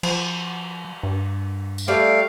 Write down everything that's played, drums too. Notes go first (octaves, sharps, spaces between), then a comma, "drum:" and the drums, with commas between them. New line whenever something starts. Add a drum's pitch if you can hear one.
F3, drum: cymbal
G2
drum: tambourine
G3 A3 B4 D5 F5